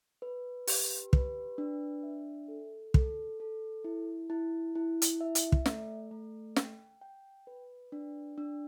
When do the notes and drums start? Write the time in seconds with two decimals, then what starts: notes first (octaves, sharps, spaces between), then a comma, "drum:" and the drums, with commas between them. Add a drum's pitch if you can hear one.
0.22 B4
0.67 G4, drum: open hi-hat
1.13 B4, drum: kick
1.58 D4
2.03 E5
2.48 A4
2.94 A4, drum: kick
3.40 A4
3.84 E4
4.30 E4
4.75 E4
5.02 drum: hi-hat
5.21 E5
5.35 drum: hi-hat
5.52 drum: kick
5.66 A3, drum: snare
6.11 A3
6.56 G5, drum: snare
7.01 G5
7.47 B4
7.92 D4
8.38 D4